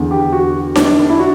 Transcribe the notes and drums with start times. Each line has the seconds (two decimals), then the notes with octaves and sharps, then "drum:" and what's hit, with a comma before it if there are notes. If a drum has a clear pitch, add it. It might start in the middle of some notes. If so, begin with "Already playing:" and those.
Already playing: E2 D3
0.11 G4
0.33 F#4
0.76 D4, drum: snare D#4
0.99 D4
1.10 E4
1.19 F#4